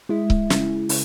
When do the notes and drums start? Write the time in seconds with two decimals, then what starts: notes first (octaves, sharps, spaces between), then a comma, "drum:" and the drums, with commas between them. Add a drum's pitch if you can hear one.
0.09 G#3 E4
0.30 drum: kick C#1
0.50 C#3, drum: snare
0.89 C#3, drum: open hi-hat